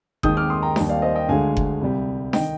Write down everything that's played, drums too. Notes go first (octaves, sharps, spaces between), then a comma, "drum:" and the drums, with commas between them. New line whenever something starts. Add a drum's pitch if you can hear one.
D#2 D#3 G#3 D#6 G6, drum: kick F#1
D6 F6
C6 D#6
G5 A#5
D#2 D#3 G3, drum: snare D4
D5 F5
C5 D#5
D#5 G5
D2 D3 G#3 F5 G#5
drum: kick F#1
C2 C3 G3
D#3 D#5 G5, drum: snare D4